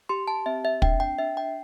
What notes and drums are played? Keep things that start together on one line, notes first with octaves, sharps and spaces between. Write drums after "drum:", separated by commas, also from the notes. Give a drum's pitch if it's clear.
G4 C6
A5
C4 E5
E5
D4 G5, drum: kick
G5
D4 E5
G5